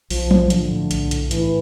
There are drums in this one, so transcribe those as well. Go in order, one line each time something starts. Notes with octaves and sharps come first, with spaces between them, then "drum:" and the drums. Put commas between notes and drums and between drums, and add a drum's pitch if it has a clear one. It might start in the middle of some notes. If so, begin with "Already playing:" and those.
B1 F3, drum: open hi-hat
A2, drum: tom F3
D3 F3, drum: hi-hat
A2
B1, drum: hi-hat
A2, drum: hi-hat
A2 E3, drum: hi-hat